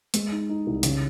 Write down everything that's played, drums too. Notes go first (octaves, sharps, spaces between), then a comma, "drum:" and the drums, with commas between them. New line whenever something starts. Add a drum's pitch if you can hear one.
G#3, drum: hi-hat
D#4
D#4
C2
C#3, drum: hi-hat